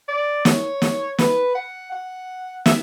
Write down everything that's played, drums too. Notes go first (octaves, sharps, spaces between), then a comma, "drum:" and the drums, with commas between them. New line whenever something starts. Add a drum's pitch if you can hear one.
D5
C#5, drum: snare
drum: snare
B4, drum: snare
F#5
F#5
E5, drum: snare